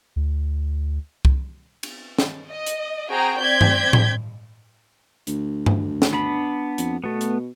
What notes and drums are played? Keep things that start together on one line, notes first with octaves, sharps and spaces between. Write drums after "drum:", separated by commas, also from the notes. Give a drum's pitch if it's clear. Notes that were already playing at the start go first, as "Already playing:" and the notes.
D2
drum: kick C2
drum: cymbal
drum: snare
D#5
drum: hi-hat
C4 F#4 G#4 G5 A#5
C4 D5 G6 G#6 B6
drum: tom G2
drum: tom A2
D2, drum: hi-hat
drum: tom G2
drum: snare
B3 D4 B5
F2, drum: hi-hat
B2 A3 B3
drum: hi-hat